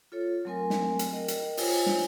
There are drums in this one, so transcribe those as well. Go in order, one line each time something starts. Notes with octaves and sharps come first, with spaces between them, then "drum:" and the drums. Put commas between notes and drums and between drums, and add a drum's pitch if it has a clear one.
F4 A4 C#5
F#3 A3 C4 A#4 G#5
drum: snare
drum: hi-hat
A#4 D#5 G5
drum: hi-hat
F4 C5 C#5 G#5, drum: open hi-hat
drum: snare